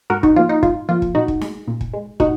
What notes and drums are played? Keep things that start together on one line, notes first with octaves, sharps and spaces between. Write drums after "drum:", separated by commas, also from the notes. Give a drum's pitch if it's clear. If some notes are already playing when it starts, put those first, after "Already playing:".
G#2 F#4 A#4
D#4 F#4, drum: kick
F3 A#3 F4
D#4
G#2 F4, drum: kick
F3 A#3 F4
drum: kick
A#2 D#4 F#4
drum: kick
G#3, drum: snare
A#2
drum: kick
G#3
A#2 D#4 F#4, drum: kick